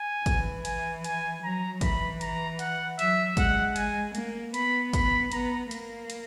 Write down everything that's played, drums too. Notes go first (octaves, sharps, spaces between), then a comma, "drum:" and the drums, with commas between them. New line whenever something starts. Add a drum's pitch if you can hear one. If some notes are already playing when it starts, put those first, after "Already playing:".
Already playing: G#5
E3, drum: kick, hi-hat
G#5, drum: hi-hat
G#5, drum: hi-hat
F#3 A#5
E3 B5, drum: kick, hi-hat
A#5, drum: hi-hat
F#5, drum: hi-hat
F#3 E5, drum: hi-hat
G#3 F#5, drum: kick, hi-hat
G#5, drum: hi-hat
A#3, drum: hi-hat
B3 B5, drum: hi-hat
B5, drum: kick, hi-hat
B3 A#5, drum: hi-hat
A#3, drum: hi-hat
drum: hi-hat